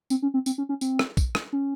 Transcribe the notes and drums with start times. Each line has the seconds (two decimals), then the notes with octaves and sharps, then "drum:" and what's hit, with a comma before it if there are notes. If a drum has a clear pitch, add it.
0.10 C4, drum: tambourine
0.22 C#4
0.34 C4
0.46 C4, drum: tambourine
0.58 C#4
0.69 C#4
0.81 C4, drum: tambourine
0.99 drum: rim click
1.17 drum: kick, tambourine
1.35 drum: rim click
1.53 C#4